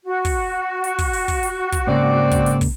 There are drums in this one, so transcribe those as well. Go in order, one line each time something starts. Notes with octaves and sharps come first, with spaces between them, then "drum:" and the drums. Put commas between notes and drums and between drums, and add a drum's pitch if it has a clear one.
F#4
drum: kick, open hi-hat
drum: hi-hat
drum: kick, open hi-hat
drum: open hi-hat
drum: kick, open hi-hat
drum: hi-hat
drum: kick, hi-hat
G#2 C#3 A#3 C4 D5
drum: kick, hi-hat
drum: hi-hat
drum: kick, open hi-hat